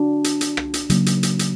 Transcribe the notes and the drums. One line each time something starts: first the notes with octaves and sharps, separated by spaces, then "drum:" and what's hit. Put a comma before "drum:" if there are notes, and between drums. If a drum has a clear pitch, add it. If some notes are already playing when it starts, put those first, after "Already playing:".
Already playing: D4 F#4
drum: hi-hat
drum: hi-hat
drum: rim click
drum: hi-hat
C#3 F#3 A#3, drum: hi-hat
drum: hi-hat
drum: hi-hat
drum: hi-hat